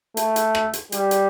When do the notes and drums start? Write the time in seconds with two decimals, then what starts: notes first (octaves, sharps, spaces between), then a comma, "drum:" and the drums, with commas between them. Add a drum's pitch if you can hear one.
0.17 A3, drum: hi-hat
0.36 drum: hi-hat
0.55 drum: rim click
0.73 drum: hi-hat
0.92 G3, drum: hi-hat
1.11 drum: hi-hat